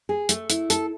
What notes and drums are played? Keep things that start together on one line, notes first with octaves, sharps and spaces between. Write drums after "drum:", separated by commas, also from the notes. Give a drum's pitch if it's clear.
G#4
A3, drum: hi-hat
E4, drum: hi-hat
A4, drum: hi-hat